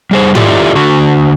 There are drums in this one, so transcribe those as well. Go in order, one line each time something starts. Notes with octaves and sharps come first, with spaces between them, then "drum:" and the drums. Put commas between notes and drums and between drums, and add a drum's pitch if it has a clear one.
G3 G#4 C5
E4 F4 G4 A4 D5 E5, drum: tom G#2
D3 F#4